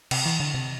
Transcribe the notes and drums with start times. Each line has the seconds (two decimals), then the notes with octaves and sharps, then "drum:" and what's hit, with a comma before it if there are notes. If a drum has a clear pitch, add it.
0.11 C3, drum: cymbal
0.26 E3
0.40 D3
0.54 C3